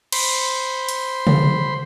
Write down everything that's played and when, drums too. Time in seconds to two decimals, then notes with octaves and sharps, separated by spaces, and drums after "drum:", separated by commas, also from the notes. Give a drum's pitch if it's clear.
0.13 C5 B5 C6, drum: cymbal
0.89 drum: hi-hat
1.27 drum: tom C3